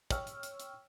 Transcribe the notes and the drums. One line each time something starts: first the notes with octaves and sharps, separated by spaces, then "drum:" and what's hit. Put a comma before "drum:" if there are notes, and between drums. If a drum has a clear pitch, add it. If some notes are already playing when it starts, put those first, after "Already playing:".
C#5 G5 C#6 E6 F6, drum: kick, hi-hat
drum: hi-hat
drum: hi-hat
drum: hi-hat